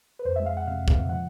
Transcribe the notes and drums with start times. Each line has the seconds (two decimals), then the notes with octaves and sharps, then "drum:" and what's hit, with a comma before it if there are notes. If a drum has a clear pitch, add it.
0.19 B4
0.25 F2 C5
0.36 G#3 E5
0.46 F5
0.53 G#3 F#5
0.67 C3 F5
0.81 F2
0.88 F5, drum: kick
0.96 C3
1.09 F3 F#5